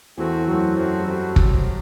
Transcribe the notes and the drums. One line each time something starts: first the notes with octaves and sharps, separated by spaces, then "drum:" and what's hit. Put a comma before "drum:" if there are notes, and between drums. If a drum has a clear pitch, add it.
E2 E3 A3 C4 F#4
E3
F#2 F#3 A3 C4 F#4
F#2 F#3 A3 C4 F#4
G3
F#3 A3 C4 F#4
drum: kick